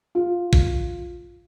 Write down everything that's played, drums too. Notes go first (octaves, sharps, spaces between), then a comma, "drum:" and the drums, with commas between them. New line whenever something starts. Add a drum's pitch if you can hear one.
F4
drum: kick